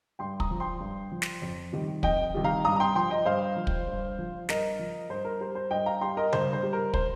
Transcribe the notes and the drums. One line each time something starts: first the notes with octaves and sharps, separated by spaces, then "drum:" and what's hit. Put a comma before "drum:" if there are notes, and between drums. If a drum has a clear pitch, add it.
G2 G5 C6
A#5 D#6, drum: kick
F3
G5 C6
G2
F3
drum: snare
F2
C3 D#3 G3
F2 D#5 G5, drum: kick
C3 D#3 G3
F5 A#5
G2 A#5 D#6
A#5
G5 C6
F3 G5 C6
D#5 G5
G2 C5 F5
F3
drum: kick
G2
F3
G2 A#4 D#5, drum: snare
F3
G2 C5
A#4
G3 C5
C5
G2 D#5 G5
F5 A#5
G3 G5 C6
A#4 D#5
G2 C5, drum: tom C#3
C5
G3
A#4
C5, drum: kick